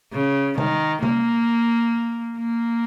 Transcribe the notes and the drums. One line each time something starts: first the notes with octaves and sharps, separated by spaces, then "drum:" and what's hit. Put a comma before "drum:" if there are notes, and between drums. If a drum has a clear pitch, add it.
C#3
D#3, drum: tom C3
A#3, drum: tom C3
A#3